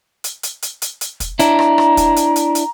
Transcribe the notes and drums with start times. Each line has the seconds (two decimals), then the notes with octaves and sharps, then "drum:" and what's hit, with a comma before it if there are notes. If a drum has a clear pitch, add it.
0.24 drum: hi-hat
0.43 drum: hi-hat
0.62 drum: hi-hat
0.82 drum: hi-hat
1.01 drum: hi-hat
1.20 drum: kick, hi-hat
1.39 D4 E4 A#5, drum: hi-hat
1.59 drum: rim click
1.78 drum: rim click
1.97 drum: kick, hi-hat
2.16 drum: hi-hat
2.36 drum: hi-hat
2.55 drum: hi-hat